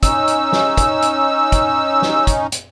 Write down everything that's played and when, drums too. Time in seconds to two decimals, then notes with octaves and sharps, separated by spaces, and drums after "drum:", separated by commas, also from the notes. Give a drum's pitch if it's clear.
0.03 C#4 D#4 E6, drum: kick, hi-hat
0.28 drum: hi-hat
0.53 drum: snare
0.77 drum: kick, hi-hat
1.02 drum: hi-hat
1.52 drum: kick, hi-hat
2.02 drum: snare
2.27 drum: kick, hi-hat
2.52 drum: hi-hat